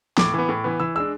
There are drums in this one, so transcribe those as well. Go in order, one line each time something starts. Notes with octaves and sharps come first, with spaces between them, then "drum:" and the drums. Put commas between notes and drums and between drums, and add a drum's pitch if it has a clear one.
A2 D6, drum: snare
E3 B3
A2
E3 B3
E3 E6
G#3 D4 E6